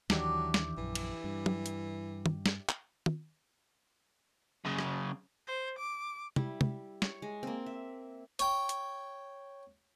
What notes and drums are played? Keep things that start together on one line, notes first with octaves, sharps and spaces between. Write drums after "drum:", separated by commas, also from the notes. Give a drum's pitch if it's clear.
D#2 D#3 E3 F#3 D4 G4 E5, drum: snare
drum: snare
A#1 F#2 E3
drum: cymbal
G2
drum: tom
drum: hi-hat
drum: tom
drum: snare
drum: clap
drum: tom
F#2 C#3
drum: rim click
C5
D6
G3 E4, drum: tom C3
drum: tom C3
C#5, drum: snare
G#3
A#3 C4
E5
C#5 G5, drum: hi-hat
drum: hi-hat